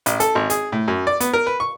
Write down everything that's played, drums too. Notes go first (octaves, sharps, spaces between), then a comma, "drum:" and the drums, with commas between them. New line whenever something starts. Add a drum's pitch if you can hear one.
A1, drum: hi-hat
A4, drum: hi-hat
G#1
G#4, drum: hi-hat
A2
F#2
D5
B3, drum: hi-hat
A#4
B4
C#6